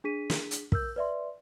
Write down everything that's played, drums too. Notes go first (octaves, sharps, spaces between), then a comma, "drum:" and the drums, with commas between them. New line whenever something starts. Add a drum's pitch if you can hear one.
D4 G#4 B6 D#7
drum: snare
drum: hi-hat
A#4 E6 G6, drum: kick
B4 D5 E5 C6